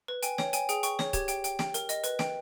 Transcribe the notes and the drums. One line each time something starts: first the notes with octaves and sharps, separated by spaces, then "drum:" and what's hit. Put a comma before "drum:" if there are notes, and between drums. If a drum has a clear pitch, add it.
B4
G5 G#5, drum: hi-hat
C#5 G5, drum: snare
G5 G#5, drum: hi-hat
G#4 G5, drum: hi-hat
G5 C#6, drum: hi-hat
C#5, drum: snare
G4 G#6, drum: kick C#1, hi-hat
G5, drum: hi-hat
G5, drum: hi-hat
G5, drum: snare
A#4, drum: hi-hat
D#5, drum: hi-hat
B4, drum: hi-hat
G5, drum: snare